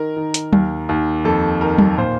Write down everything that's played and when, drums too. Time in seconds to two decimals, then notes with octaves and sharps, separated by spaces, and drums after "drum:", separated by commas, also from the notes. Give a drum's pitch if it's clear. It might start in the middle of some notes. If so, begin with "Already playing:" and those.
Already playing: D#3 A#4
0.16 D#3
0.34 drum: hi-hat
0.53 D#2, drum: tom F#3
0.89 D#2
1.25 F2 A4
1.61 D#3 A#4
1.78 drum: tom F#3
1.97 A#2 C5